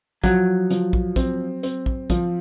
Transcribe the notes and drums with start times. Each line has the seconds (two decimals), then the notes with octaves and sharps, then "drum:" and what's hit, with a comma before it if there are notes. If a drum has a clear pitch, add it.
0.24 F3 F#3, drum: kick, hi-hat
0.71 F3, drum: hi-hat
0.93 drum: kick
1.16 C4, drum: kick, hi-hat
1.63 C4, drum: hi-hat
1.86 drum: kick
2.10 F3, drum: kick, hi-hat